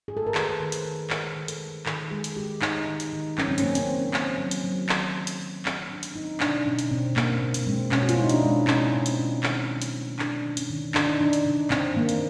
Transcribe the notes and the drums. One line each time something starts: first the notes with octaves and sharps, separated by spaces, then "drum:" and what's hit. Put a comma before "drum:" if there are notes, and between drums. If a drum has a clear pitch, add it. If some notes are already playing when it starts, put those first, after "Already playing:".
G#4
A4
A#4
D#3 B4, drum: clap
D#3
C5, drum: hi-hat
D#3
G#3 A#4, drum: clap
D#3
A4, drum: hi-hat
G#3
D#3 A4, drum: clap
G#3 G#4
drum: hi-hat
G#3 G4
G#3 D#4, drum: clap
D#3
drum: hi-hat
D#3
F#3 C#4, drum: clap
C4
A#3 C#4, drum: hi-hat
C4, drum: hi-hat
A#3
A#3, drum: clap
F#3
drum: hi-hat
F#3
D#3, drum: clap
F#3
drum: hi-hat
D#3
F#3 C4, drum: clap
F#3 D4
drum: hi-hat
F#3 D#4
B2 D4, drum: clap
B2 C#4
drum: hi-hat
B2 C4
B2 A#3, drum: clap
B2
drum: hi-hat
G#3 C4
B2 C#4, drum: clap
F#4
F4, drum: hi-hat
G#3 E4
D#4
D4, drum: hi-hat
G#3
B2 C#4, drum: clap
G#3 C4
drum: hi-hat
G#3 C#4
D#3, drum: clap
F#3
drum: hi-hat
A3
D#3 D4, drum: clap
D#3
C#4, drum: hi-hat
D#3
C3 D4, drum: clap
D#4
D#3 D4
drum: hi-hat
C3
C3 C4, drum: clap
D#3 A#3
drum: hi-hat